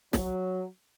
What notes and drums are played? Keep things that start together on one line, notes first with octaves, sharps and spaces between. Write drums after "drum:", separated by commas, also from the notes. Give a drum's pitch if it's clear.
F#3, drum: snare